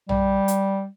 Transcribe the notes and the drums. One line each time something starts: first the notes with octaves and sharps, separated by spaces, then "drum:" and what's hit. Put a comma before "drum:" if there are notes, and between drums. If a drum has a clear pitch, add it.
G3, drum: tom A#1
drum: hi-hat